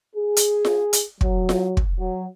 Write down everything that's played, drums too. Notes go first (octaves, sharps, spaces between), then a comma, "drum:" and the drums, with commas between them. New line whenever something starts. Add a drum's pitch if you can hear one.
G#4
drum: hi-hat
drum: snare F4
drum: hi-hat
F#3, drum: kick
drum: snare F4
drum: kick
F#3